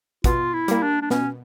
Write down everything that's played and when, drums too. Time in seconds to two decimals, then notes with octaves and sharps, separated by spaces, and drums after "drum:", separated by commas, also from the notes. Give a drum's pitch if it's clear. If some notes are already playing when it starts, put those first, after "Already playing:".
0.24 B2 F4, drum: kick, hi-hat
0.53 E4
0.68 G3 A#3, drum: hi-hat
0.82 D4
1.02 D4
1.10 B2 C#4, drum: snare